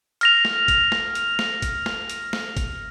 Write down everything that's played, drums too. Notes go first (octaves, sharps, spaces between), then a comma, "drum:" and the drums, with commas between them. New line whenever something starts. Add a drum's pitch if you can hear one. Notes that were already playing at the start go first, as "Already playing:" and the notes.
F6 A#6 F7, drum: hi-hat
drum: snare
drum: kick G1, hi-hat
drum: snare
drum: hi-hat
drum: snare
drum: kick G1, hi-hat
drum: snare
drum: hi-hat
drum: snare
drum: kick G1, hi-hat